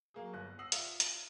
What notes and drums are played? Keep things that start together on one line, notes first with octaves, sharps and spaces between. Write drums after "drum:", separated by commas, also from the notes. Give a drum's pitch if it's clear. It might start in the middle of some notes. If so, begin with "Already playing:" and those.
F#3 A#3 G#4
G1 F#6
F#5 D#6 E6 A#6 C7 F#7
F4 D5 E5, drum: hi-hat
drum: hi-hat